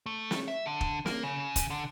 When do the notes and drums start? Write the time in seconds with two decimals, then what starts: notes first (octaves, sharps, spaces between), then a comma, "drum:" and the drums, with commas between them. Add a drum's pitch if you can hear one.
0.06 A3
0.31 drum: snare
0.48 E5
0.66 D3
0.81 drum: kick
1.06 A#3, drum: snare
1.24 C#3
1.56 drum: kick, hi-hat
1.70 D3